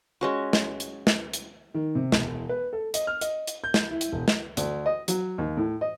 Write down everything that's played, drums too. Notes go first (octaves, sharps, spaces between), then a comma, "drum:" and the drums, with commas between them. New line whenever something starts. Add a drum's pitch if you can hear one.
G#3 C#4 F#4
drum: snare
drum: hi-hat
drum: snare
drum: hi-hat
D#3
C3
E1, drum: snare
B4
A4
D#5, drum: hi-hat
F6
D#5, drum: hi-hat
drum: hi-hat
G6
drum: snare
E4
drum: hi-hat
E1
drum: snare
D2, drum: hi-hat
D#5
F#3, drum: hi-hat
D#2
A2
D#5